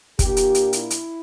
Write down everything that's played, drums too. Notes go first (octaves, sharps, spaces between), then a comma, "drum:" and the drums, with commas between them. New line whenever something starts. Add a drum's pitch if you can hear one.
A#2 A#3 D4 G4, drum: kick, hi-hat
drum: hi-hat
drum: hi-hat
E4, drum: hi-hat
drum: hi-hat